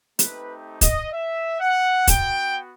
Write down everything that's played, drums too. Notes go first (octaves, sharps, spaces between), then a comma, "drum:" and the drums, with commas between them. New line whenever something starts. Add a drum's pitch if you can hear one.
A3 C4 D#4 G4 B4, drum: hi-hat
D#5, drum: kick, hi-hat
E5
F#5
B3 F#4 G5, drum: kick, hi-hat